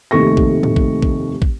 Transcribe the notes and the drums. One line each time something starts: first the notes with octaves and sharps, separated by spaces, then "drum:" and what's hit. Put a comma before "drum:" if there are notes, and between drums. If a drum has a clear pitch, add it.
F1 D#2 A3 C#6 A#6
drum: kick
drum: tom G#2
drum: kick
drum: kick
drum: kick